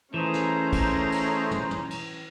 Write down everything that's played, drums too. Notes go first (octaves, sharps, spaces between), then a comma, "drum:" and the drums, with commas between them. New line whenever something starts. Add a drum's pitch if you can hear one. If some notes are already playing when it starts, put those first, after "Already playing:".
E3 A3 C#4 D#4 G#4 C5 A#5
drum: snare
drum: kick, cymbal
drum: cymbal
drum: tom
drum: tom
drum: cymbal